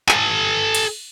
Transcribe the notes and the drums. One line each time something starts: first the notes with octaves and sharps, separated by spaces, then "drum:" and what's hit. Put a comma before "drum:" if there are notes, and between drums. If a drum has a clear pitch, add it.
A4 G#5, drum: clap
drum: cymbal